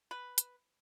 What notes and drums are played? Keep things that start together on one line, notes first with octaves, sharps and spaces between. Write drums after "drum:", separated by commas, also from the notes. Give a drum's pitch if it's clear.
B4
drum: hi-hat